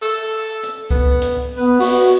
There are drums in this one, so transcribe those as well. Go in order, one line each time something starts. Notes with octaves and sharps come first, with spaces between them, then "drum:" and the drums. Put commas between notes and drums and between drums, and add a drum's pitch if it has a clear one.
A4
drum: hi-hat
B3, drum: kick C#2
drum: hi-hat
B3 B4
B3 F#4, drum: open hi-hat